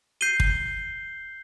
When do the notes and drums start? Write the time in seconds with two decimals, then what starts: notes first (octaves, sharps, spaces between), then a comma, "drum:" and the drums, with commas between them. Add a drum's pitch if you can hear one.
0.21 G6 C7 D#7 G7
0.40 drum: kick